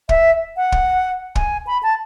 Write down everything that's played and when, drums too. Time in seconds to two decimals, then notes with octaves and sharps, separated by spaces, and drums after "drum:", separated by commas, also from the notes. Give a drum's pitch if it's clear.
0.09 E5, drum: kick
0.57 F#5
0.72 drum: kick
1.35 G#5, drum: kick
1.67 B5
1.83 A5